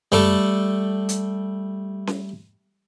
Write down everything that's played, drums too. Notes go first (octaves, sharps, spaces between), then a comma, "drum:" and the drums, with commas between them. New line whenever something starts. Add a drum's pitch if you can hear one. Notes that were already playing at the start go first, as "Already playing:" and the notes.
G3 A3 A4, drum: tom F#2
drum: hi-hat
drum: snare C#4